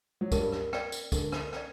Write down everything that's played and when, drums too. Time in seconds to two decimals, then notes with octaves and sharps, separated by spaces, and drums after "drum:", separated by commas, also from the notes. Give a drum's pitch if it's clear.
0.21 F#3
0.32 G2 G3 A#4, drum: kick, tambourine
0.52 drum: rim click
0.73 D5 G5, drum: rim click
0.92 drum: tambourine
1.12 D3 A#4, drum: kick, tambourine
1.32 drum: rim click
1.53 D5 G5, drum: rim click